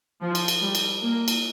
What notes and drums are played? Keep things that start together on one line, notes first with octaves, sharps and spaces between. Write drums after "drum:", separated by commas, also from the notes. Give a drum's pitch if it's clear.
F3
drum: cymbal
drum: cymbal
G3
drum: cymbal
A#3
drum: cymbal